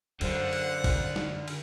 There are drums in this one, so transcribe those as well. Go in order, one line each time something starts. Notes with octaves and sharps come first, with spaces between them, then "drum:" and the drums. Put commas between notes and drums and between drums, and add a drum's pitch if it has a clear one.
F#2 D3 C5 F5 F#5, drum: cymbal
drum: cymbal
drum: kick, cymbal
drum: snare
drum: cymbal